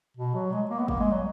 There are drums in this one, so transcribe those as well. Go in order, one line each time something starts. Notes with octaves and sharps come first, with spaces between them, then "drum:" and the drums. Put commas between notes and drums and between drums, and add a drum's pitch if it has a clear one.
B2
F#3
G#3
A#3
B3
A#3, drum: kick
G#3
F#3